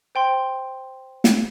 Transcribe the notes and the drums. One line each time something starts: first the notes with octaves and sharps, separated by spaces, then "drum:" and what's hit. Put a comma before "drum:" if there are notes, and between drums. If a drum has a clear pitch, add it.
C5 G5 C6
drum: snare